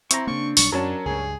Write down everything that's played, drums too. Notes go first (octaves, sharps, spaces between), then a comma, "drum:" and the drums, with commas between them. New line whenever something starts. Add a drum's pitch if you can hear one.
C4 E4 A#5 C#6, drum: hi-hat
C#3 A#3 D4 C#6
B1 F#3 G3 C#6, drum: open hi-hat
F#2 F#3 C#4 D4 A#4 A5
C#2 G2 G#4